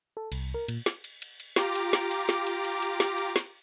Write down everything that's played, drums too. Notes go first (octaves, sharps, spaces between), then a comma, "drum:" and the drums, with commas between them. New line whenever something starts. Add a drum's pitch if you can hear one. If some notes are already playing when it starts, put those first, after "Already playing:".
A4
C2, drum: cymbal
A#4
A#2, drum: cymbal
drum: snare
drum: cymbal
drum: cymbal
drum: cymbal
F4 G4 A#5 D6, drum: snare
drum: cymbal
drum: snare
drum: cymbal
drum: snare
drum: cymbal
drum: cymbal
drum: cymbal
drum: snare
drum: cymbal
drum: snare